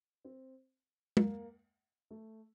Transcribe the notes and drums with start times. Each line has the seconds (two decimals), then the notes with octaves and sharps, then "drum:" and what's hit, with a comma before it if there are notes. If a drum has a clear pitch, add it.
0.25 C4
1.17 A#3, drum: tom G#3
2.10 A3